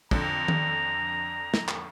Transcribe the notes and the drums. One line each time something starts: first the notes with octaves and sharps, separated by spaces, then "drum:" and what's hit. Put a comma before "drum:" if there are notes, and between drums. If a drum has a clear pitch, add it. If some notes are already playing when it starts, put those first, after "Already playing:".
F2 D3 A#5, drum: kick
drum: tom D#3
drum: snare
drum: clap